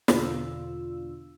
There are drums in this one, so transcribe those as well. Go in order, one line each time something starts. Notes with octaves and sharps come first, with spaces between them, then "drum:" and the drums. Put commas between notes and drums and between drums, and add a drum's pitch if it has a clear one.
E2 B2 D3 D4 F4 E6, drum: snare